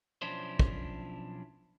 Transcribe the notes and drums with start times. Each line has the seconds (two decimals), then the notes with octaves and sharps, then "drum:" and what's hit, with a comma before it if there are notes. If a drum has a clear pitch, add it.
0.22 B1 F3 C#4 D4 E4 C5
0.59 drum: kick